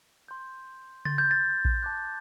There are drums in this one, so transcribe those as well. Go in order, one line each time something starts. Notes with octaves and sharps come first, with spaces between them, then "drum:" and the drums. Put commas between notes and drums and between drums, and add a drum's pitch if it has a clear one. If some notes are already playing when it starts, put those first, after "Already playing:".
C6 G6
C6 G6 A6, drum: tom C#3
G6
A6
drum: kick A#1
A5 D6 F#6